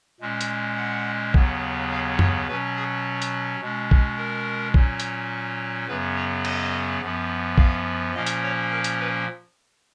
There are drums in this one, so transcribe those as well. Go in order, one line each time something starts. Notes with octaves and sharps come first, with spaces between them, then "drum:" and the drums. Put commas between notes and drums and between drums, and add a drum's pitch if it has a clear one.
A#2 G#3 C#4
drum: hi-hat
F#5
D#2 C#3 F#3 B3, drum: kick A#1
F5
C#5, drum: tom F#2
B2 F#3 C#4 B4
G#4
drum: hi-hat
B2 G#3 C#4
drum: kick A#1
A#4
A#2 F#3 C#4, drum: kick A#1
drum: hi-hat
F#2 C#3 F#3 B3 B4
C#5
D#5, drum: cymbal
F#2 F3 B3
F5, drum: kick A#1
A#2 F3 A#3 C#4 D#5
drum: hi-hat
C#5
A#4
drum: hi-hat
B4